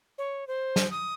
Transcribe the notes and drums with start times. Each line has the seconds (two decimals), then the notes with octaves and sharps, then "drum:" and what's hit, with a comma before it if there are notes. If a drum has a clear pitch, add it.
0.18 C#5
0.48 C5
0.76 drum: snare
0.91 D#6